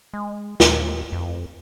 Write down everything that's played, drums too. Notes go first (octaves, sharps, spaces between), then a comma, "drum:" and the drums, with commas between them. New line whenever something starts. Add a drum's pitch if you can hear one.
G#3
D#2, drum: snare
F2